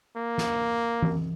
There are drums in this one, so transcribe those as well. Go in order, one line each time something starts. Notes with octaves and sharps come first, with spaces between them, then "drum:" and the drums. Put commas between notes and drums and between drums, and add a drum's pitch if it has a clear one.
A#3
drum: snare
drum: tom E3